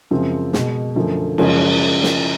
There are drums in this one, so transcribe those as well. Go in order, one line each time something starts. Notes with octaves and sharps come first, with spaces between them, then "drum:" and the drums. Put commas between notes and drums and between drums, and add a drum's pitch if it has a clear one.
F#2 C#3 F3 G#3 C4
B2 G#3 B3, drum: snare
F#2 D3 F3 A3
F#2 C#3 F3 G#3 C#4, drum: cymbal
drum: snare